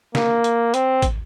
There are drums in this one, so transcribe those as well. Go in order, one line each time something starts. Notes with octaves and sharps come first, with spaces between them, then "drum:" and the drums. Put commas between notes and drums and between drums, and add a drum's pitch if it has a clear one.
A#3, drum: snare
drum: hi-hat
C4, drum: hi-hat
drum: kick, hi-hat